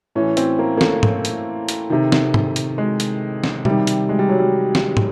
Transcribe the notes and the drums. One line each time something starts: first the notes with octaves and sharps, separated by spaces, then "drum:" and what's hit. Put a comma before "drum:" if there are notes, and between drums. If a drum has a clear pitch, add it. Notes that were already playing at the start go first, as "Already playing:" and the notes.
A2 E3 C#4
C4, drum: hi-hat
A#3
A#3
A3, drum: snare
drum: tom
drum: hi-hat
drum: hi-hat
C3 D#3
drum: snare
drum: tom
drum: hi-hat
G#3
drum: hi-hat
drum: snare
C3 D#3 G3, drum: tom B2
drum: hi-hat
G#3
G3
F#3
G3
drum: snare
drum: tom